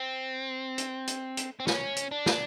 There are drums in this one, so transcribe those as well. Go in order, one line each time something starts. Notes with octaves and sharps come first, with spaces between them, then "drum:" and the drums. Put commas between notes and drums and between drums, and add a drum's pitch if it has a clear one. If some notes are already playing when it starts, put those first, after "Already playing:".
Already playing: C4
drum: hi-hat
drum: hi-hat
drum: hi-hat
C4
C#4, drum: snare
drum: hi-hat
D4
drum: snare